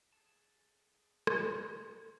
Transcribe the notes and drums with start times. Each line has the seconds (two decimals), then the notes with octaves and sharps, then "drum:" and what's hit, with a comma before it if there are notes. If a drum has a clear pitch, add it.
0.13 G#4 A4 A5
1.27 drum: rim click